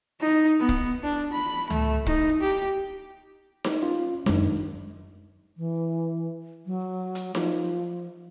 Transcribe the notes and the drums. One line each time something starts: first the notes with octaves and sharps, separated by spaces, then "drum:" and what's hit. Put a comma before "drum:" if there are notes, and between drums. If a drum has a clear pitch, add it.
D#4
B3
drum: kick
D4
B5
A3, drum: tom C#2
D#4, drum: kick
G4
drum: snare D#4
C#4 F4
G1 F#2 D#3 G#3 D4, drum: snare D#4
E3
F#3
drum: hi-hat
F3, drum: snare D#4